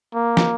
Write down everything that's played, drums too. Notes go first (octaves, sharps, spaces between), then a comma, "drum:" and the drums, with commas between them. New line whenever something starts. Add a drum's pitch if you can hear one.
A#3
drum: snare